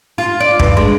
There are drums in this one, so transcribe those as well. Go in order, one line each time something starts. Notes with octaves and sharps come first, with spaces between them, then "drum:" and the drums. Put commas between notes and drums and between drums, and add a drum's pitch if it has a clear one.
F4
D5
G2, drum: kick
G#3